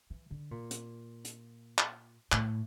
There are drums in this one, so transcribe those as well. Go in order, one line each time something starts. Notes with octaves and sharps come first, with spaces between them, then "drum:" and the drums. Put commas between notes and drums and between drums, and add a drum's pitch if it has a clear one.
E3
D3
A#2
drum: hi-hat
drum: hi-hat
drum: clap
A2, drum: clap